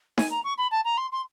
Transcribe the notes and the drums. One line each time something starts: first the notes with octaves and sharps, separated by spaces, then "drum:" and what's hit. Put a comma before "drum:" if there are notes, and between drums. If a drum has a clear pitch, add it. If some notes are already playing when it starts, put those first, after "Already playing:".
G#5, drum: snare D#4
A#5
C#6
B5
A5
A#5
C6
C6